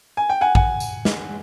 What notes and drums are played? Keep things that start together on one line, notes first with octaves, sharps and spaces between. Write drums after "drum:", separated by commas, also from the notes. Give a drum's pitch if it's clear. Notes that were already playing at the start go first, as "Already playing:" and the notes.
G#5
G5
F#5 G#5
F#5 G#5, drum: kick A1
drum: tambourine
drum: snare